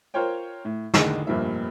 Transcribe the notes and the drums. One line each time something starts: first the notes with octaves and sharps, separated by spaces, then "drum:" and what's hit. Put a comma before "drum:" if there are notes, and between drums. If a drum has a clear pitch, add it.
F4 A#4 C5 C#5 G5
A2
A1 D3 D#3 G#4 D#5, drum: snare
F1 G2 A#2 F3 A#3 E5